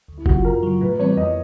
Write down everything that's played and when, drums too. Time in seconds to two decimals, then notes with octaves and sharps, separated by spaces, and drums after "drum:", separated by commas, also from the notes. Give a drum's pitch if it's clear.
0.08 D2
0.18 E4
0.26 C#3 F#3 F#4, drum: kick F#1
0.36 F4
0.44 F#2 A#4
0.63 C#3 F#3
0.81 A2 B4
0.99 E3 G3 C4 C#5
1.17 F2 D#5